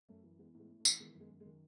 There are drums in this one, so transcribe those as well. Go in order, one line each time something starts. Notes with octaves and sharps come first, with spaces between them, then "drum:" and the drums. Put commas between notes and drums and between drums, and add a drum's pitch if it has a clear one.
F#2 A3 C#4
E3
E3 G#3 B3
A2 G#3 B3
A2
A3 C#4
E3, drum: tambourine
D#3 G#3 B3
F#2
G#3 B3
F#2
G#3
D#3